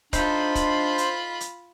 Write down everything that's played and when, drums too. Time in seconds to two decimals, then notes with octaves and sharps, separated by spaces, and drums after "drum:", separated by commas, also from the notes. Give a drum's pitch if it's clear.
0.13 D4 D#4 F4 A4 C5 B5, drum: kick, hi-hat
0.55 drum: kick, hi-hat
0.98 drum: hi-hat
1.40 drum: hi-hat